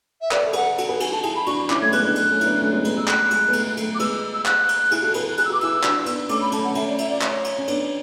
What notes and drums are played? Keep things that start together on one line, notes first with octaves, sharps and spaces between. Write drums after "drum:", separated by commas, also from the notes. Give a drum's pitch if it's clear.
E5
B4 D5, drum: clap
A4
G#4 B4 F#5, drum: cymbal
F#4 A4 F#5, drum: cymbal
G#4 B4
F#4 A4 G#5, drum: cymbal
F#4 A4 A5
E4 G#4 G#5, drum: cymbal
B5
D4 F#4 C#6, drum: cymbal
C#4 E4 D6, drum: clap
A3 G#6
G#3 B3 F#6, drum: cymbal
B3 D4 F#6
A3, drum: cymbal
A3 C#4
E4, drum: cymbal
B3 D4
A3 C#4
G#3 B3
G#3 B3, drum: cymbal
G#3 B3 E6
A3 F#6, drum: clap
G#3, drum: cymbal
B3
A3, drum: cymbal
A3, drum: cymbal
D6
G#3 B3 E6, drum: cymbal
E6
E6
F#6, drum: clap
drum: cymbal
E4 G#4, drum: cymbal
F#4 A4
G#4 B4, drum: cymbal
G#4 F#6, drum: cymbal
E6
F#4 D6
E4 G#4 E6, drum: cymbal
D4 F#4, drum: clap
B3 D4, drum: cymbal
A3 C#4 D6, drum: cymbal
B5
A3 C#4 A5, drum: cymbal
F#5
A3 C#4 E5, drum: cymbal
D5
E5, drum: cymbal
D5
C#5, drum: clap
drum: cymbal
C#4
B3 D4, drum: cymbal